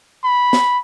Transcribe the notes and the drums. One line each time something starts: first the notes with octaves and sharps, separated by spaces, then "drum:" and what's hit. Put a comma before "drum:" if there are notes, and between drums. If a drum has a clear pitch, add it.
B5
drum: snare